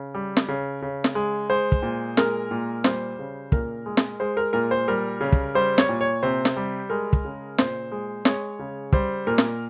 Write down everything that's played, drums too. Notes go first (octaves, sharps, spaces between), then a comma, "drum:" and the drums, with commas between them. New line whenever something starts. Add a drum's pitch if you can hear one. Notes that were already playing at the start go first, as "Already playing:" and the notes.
Already playing: C#3
G3
drum: snare
C#3
C#3
drum: snare
G#3
G#3 C5
drum: kick
A#2
G#3 A#4, drum: snare
A#2
G3 C5, drum: snare
C#3
A#2 A#4, drum: kick
G#3
drum: snare
G#3 C5
A#4
A#2 A#4
C5
G3 A#4
C#3
drum: kick
G3 C5
C#5, drum: snare
A#2
C#5
C3 C5
drum: snare
G3
G#3 A#4
drum: kick
C#3
A#2 C5, drum: snare
G#3
G#3 C#5, drum: snare
C#3
G3 C5, drum: kick
A#2 A#4
drum: snare